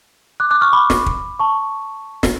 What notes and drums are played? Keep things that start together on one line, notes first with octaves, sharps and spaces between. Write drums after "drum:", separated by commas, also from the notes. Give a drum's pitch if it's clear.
D6 F#6
D6 F#6
C#6 F6
B5 D6
drum: snare
drum: kick
A5 C#6
drum: snare